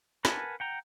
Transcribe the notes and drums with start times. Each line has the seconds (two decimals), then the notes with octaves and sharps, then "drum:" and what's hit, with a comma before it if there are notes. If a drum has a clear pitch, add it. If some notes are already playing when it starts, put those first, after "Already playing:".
0.25 A#4 B4 F#5 G#5 A5, drum: snare
0.60 F#5 G5 A#5